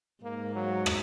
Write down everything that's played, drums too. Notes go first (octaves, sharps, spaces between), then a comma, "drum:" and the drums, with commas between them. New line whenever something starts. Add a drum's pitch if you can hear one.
G#2 A#3
F#3
drum: rim click